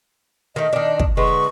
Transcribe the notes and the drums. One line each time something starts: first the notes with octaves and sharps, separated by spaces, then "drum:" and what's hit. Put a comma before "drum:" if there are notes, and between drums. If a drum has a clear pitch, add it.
D#3 A3 D#5
D#3 D4
drum: kick
D3 G#3 B4 C#6